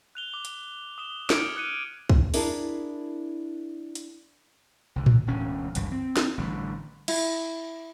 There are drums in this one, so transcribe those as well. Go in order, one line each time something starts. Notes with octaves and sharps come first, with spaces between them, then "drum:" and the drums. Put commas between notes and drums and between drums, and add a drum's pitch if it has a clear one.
F#6 F7 G7
D6
drum: hi-hat
D#6 E7 G7
D6 D#6 F6 G#6 C#7 D7, drum: snare
D6 F6 F#6 C#7 D#7
drum: kick
D4 E4 G#4 A#4, drum: open hi-hat
drum: hi-hat
C2 D3
drum: tom A2
E1 D2 C#4
G1 C#2 G2 E3, drum: hi-hat
C4
drum: snare
A1 D3 G3
E4, drum: cymbal